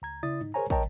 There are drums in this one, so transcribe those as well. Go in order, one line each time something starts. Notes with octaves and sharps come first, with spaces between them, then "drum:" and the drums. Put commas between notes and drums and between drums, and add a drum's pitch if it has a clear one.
C#2 A#5 G#6
C#3 E4 D5 D#6 A6
G#2 D#4
G#4 A#4 C5 C#5 G#5 A#5
A#4 C#5 D#5 G5 A5 A#5, drum: kick